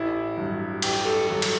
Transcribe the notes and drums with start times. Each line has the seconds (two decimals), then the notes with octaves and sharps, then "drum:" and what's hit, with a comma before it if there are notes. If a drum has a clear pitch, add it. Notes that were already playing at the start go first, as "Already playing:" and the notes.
Already playing: A1 E4
0.37 G2 F#3
0.82 A1 G4, drum: cymbal
1.05 A4
1.28 G2 F#3 A4
1.42 drum: cymbal